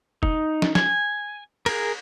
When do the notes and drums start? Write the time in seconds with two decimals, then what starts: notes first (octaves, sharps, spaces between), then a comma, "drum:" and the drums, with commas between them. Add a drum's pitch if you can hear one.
0.23 D#4, drum: kick
0.62 drum: snare
0.75 G#5, drum: snare
1.66 G#4 A#4, drum: cymbal